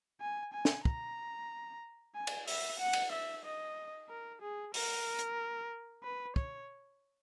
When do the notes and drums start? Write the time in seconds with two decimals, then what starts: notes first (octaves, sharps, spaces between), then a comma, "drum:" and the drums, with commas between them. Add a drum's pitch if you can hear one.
0.21 G#5
0.53 G#5
0.65 drum: snare
0.85 A#5, drum: kick
2.15 G#5
2.27 drum: cymbal
2.48 E5, drum: open hi-hat
2.80 F#5
2.93 drum: cymbal
3.12 E5
3.45 D#5
4.09 A#4
4.42 G#4
4.74 A#4, drum: open hi-hat
5.19 drum: hi-hat
6.03 B4
6.36 C#5, drum: kick